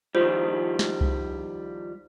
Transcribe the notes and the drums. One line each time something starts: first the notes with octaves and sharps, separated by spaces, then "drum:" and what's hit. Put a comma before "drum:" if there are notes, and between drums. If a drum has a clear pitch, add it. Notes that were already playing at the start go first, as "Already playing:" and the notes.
D#3 F3 G3 F4 C5
drum: snare
drum: kick C2